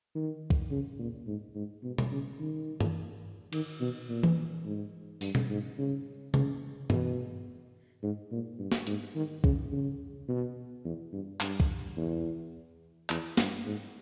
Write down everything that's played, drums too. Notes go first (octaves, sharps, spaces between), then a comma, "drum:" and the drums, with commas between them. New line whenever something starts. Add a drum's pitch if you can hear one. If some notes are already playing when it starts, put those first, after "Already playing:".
D#3
drum: kick
C#3
A#2
G#2
G#2
B2
drum: tom B2
C#3
D#3
drum: tom G2
D#3, drum: cymbal
B2
A#2
drum: tom E3
G#2
G2, drum: open hi-hat
drum: tom B2
G#2
C#3
C#3, drum: tom C3
B2, drum: tom G2
G#2
A#2
G2
drum: snare
G#2, drum: hi-hat
D#3
C#3, drum: kick
C#3
B2
E2
G2
G2, drum: clap
drum: kick
E2
E2, drum: clap
G2, drum: snare
G#2